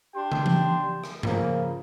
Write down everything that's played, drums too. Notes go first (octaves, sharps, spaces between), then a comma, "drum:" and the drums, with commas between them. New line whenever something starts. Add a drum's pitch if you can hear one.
D4 G4 G5 C6
drum: tom
drum: tom E3
drum: rim click
C#3 F3 A#3, drum: tom G2